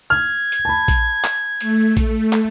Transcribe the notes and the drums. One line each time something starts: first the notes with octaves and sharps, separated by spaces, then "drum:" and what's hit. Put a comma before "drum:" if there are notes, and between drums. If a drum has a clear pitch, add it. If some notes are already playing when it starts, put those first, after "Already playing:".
F6 G#6
drum: hi-hat
A5 B5
drum: kick A#1, hi-hat
drum: clap
A3, drum: hi-hat
drum: kick A#1, hi-hat
drum: clap